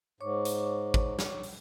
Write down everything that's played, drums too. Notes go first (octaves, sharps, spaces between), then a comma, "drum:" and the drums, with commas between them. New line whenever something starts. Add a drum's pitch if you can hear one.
G#2 C#5 C#6 D6
drum: hi-hat
drum: kick G#1
drum: snare
drum: open hi-hat